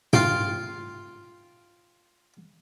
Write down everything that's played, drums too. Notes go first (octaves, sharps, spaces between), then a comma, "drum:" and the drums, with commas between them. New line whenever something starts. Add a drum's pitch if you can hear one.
F4 F5 G5, drum: tom